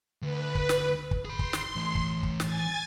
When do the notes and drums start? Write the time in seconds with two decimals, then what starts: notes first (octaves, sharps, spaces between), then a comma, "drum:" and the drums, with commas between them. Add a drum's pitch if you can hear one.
0.22 D2 B4
0.55 drum: kick
0.69 drum: snare
1.11 drum: kick
1.25 G#4 B5 C6
1.39 drum: kick
1.53 drum: snare
1.76 E3 A3
1.95 drum: kick
2.23 drum: kick
2.40 G#5 G#6 A6, drum: snare